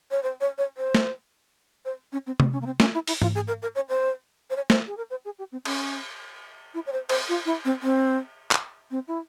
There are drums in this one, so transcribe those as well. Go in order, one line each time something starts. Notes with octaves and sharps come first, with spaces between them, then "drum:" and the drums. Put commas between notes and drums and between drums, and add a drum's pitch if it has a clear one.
C#5
C5
C#5
C#5
C5
drum: snare
C5
C#4
C4
C4, drum: tom C3
C#4
A#3
C4
C#4, drum: snare
E4
E4, drum: open hi-hat
F4, drum: tom G#2
G#4
A#4
A#4
C#5
C5
C5
C#5
C5, drum: snare
G#4
A#4
C5
G#4
G4
C4
C#4, drum: cymbal
E4
C#5
C5
C5, drum: cymbal
F4
E4
C4
C4
drum: clap
C4
E4